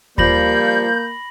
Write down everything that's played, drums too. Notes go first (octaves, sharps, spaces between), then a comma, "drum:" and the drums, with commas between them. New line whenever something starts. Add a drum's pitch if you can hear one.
F3 G3 A#3 B5 G6 A#6 F#7, drum: kick D#2